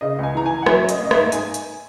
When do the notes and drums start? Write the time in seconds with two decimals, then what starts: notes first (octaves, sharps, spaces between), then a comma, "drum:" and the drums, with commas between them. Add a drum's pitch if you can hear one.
0.01 C#3 D#5
0.19 C#2 G#5
0.35 E3 A#5
0.46 E3 G#5
0.62 F#5
0.66 F#3 E5, drum: rim click
0.83 C#4
0.89 D#5, drum: hi-hat
1.00 A#3 D#5
1.11 E5, drum: rim click
1.16 G#2
1.32 D#4 G#5, drum: hi-hat
1.54 drum: hi-hat